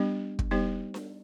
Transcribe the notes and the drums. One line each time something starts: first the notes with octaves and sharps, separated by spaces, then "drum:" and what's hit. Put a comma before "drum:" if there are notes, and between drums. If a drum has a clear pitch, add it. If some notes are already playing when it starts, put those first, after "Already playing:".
Already playing: G3 B3 D4 G4
drum: kick
G3 B3 D#4 G4 C5
drum: snare D4